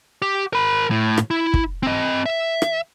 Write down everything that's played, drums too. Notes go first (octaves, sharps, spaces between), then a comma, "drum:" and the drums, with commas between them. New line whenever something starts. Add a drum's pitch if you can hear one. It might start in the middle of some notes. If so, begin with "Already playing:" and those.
G4
A#4 B5
A2
drum: rim click
E4
drum: kick
C4 D#5
E5
drum: rim click